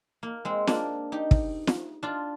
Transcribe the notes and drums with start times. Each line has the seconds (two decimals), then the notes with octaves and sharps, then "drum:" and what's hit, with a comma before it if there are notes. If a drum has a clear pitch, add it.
0.23 A#3
0.45 G#3 C4
0.67 A#3 D4, drum: snare
1.12 D#4 G4
1.31 drum: kick
1.67 drum: snare
2.03 D4 F4